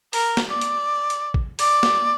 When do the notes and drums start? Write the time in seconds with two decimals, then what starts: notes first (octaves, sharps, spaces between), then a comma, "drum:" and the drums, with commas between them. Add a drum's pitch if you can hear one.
0.13 A#4, drum: open hi-hat
0.37 drum: snare
0.49 D5
0.61 drum: hi-hat
1.10 drum: hi-hat
1.34 drum: kick A1
1.59 D5, drum: open hi-hat
1.83 drum: snare